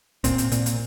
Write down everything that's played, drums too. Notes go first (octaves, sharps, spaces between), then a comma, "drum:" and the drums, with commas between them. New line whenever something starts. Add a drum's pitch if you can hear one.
A#2 C4, drum: kick, hi-hat
drum: hi-hat
A#2, drum: hi-hat
drum: hi-hat